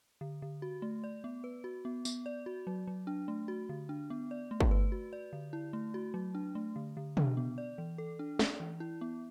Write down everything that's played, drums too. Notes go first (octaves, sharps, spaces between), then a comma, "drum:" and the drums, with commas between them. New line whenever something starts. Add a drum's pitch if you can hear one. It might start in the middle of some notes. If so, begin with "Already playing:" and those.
D3
D3
F#4
A3
D5
B3
B4
F#4
B3
B3, drum: tambourine
D5
F#4
F#3
F#3
D4
A3
F#4
D3
D4
B3
D5
A3
drum: kick G1
B4
F#4
D5
D3
E4
A3
F#4
F#3
D4
A3
D3
D3
D4, drum: tom
B3
D5
E3
A4
D4
D5, drum: snare
E3
E4
B3